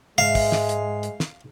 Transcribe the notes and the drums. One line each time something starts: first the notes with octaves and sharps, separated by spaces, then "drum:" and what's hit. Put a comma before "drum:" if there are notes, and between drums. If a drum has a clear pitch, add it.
G#2 G#3 E5 F5
drum: kick, open hi-hat
drum: snare
drum: hi-hat
drum: hi-hat
drum: snare